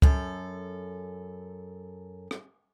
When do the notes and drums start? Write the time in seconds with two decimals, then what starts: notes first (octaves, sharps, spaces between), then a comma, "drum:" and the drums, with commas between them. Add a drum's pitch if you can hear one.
0.02 F#2 A4, drum: kick C#2
2.31 drum: rim click